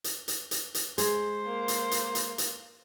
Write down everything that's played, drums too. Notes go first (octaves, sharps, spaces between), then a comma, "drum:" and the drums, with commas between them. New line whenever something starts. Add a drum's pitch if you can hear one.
drum: hi-hat
drum: hi-hat
drum: hi-hat
drum: hi-hat
G#3 G#4 C5, drum: hi-hat
A#3
drum: hi-hat
drum: hi-hat
drum: hi-hat
drum: hi-hat